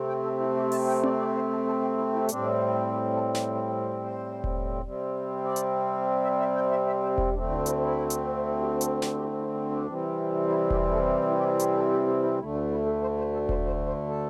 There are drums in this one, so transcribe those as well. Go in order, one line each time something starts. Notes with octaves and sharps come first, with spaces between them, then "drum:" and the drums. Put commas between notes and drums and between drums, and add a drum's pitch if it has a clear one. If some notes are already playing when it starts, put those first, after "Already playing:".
Already playing: C3 A3 C4
G5
A4
E4
G4
A5, drum: open hi-hat
G5
D5, drum: tom C4
D5
C5
A4
A4
G4
E4
E4
A2 G3 C4 D4, drum: hi-hat
G4
A4
G4, drum: snare
C5
C5
drum: kick E1
C3 G3 C4
D5
drum: hi-hat
E5
E5
G5
E5
E5
C5
E4, drum: kick E1
D2 D3 A3 C4 D4
E4
E4, drum: hi-hat
E4
drum: hi-hat
G4
A4, drum: hi-hat
G4, drum: snare
G4
E4
E4
D4
D4
C3 E3 G3 C4
E4
G4, drum: kick E1
A4
G4
E4
G4
E4
G4, drum: hi-hat
A4
G4
G4
E4
D2 D3 A3 E4
A4
E4
A4
C5
C5
A4
C5, drum: kick E1
C5
C5
A4